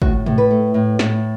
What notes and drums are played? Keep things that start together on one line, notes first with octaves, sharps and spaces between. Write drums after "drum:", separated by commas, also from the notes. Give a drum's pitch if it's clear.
A2 F#4, drum: kick
A2, drum: tom
B4
A3
A2
A2, drum: snare